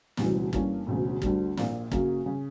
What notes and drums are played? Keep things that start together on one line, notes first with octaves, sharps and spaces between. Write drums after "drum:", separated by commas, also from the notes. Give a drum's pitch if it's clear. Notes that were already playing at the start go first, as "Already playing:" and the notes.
E1 D2 C#3 E3 G3, drum: snare
G2 E3 A#3 C#4, drum: kick
E1 D2 C#3
D2 D3 G3, drum: kick
A#1 A#2 A#3, drum: snare
F#2 C#3 F#3 A#3, drum: kick
C#3